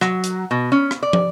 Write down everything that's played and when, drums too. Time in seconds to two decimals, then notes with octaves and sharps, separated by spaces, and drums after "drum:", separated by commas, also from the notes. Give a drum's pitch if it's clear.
0.01 F#3, drum: rim click
0.24 drum: hi-hat
0.51 B2
0.72 C#4
0.91 drum: rim click
1.03 D5
1.13 drum: tom